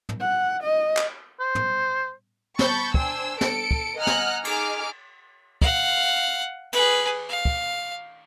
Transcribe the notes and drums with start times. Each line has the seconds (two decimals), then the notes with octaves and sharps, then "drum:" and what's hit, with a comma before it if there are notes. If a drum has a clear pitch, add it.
0.09 drum: tom
0.21 F#5
0.63 D#5
0.97 drum: clap
1.40 C5
1.55 drum: tom
2.59 A5 B5 C#6 G6 A6, drum: snare
2.94 D4 C5 G5 G#5 E6, drum: kick
3.41 A4 C#7 D7, drum: snare
3.71 drum: kick
3.97 D#5 F#5 G#5 A#5 F6 F#6
4.07 drum: snare
4.45 D#4 G#4 D6 F6, drum: cymbal
5.62 F5 F#5, drum: kick
6.73 G#4 B4, drum: cymbal
7.29 F5
7.45 drum: kick